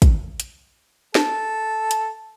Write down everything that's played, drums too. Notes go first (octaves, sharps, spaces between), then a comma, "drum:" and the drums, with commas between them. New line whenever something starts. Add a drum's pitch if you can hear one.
drum: kick, hi-hat
drum: hi-hat
A4, drum: snare
drum: hi-hat